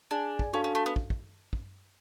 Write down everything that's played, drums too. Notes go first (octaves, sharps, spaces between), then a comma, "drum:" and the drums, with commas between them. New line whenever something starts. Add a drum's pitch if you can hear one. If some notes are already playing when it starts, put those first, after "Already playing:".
D4 G#4 D5 G#5
drum: kick
C#4 D4 F#4 A4 F5 A5
C#4
A3
B3
drum: kick
drum: kick
drum: kick